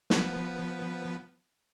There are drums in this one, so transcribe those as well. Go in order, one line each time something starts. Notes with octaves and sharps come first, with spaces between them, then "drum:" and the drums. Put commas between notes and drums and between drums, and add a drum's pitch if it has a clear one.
F3 B3 B4, drum: snare